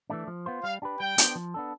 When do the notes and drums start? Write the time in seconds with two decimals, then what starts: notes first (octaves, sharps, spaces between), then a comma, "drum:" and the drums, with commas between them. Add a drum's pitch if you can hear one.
0.10 E3 A3 D4
0.27 F3
0.46 B3 F4 C5
0.64 G3 F5
0.82 D4 G4 B4
1.00 G3 G5
1.18 B3 D4 G4 C5, drum: hi-hat
1.35 F3
1.54 B3 D4 A4